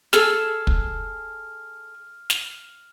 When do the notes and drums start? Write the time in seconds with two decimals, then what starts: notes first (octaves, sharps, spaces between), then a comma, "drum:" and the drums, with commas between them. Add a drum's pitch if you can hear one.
0.13 G#4 A4 F6, drum: snare
0.67 drum: kick
2.30 drum: snare